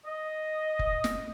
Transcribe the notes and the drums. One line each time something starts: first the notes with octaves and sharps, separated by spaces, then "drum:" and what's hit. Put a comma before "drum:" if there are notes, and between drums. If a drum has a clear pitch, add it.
D#5
drum: kick F1
drum: snare